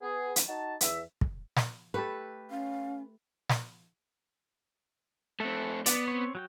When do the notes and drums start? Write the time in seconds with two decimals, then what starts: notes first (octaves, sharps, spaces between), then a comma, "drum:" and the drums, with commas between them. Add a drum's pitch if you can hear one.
0.02 B3 G#4
0.36 drum: hi-hat
0.47 D#4 F#4 A5
0.81 E2 E5, drum: hi-hat
1.21 drum: kick
1.57 drum: snare
1.94 A3 G4 A4 B4
2.51 C#4 F5
3.50 drum: snare
5.40 A3 C4 A4 E5 F#5
5.86 B3 D5, drum: hi-hat
6.08 C4 C#5
6.35 F#3 F#4 G5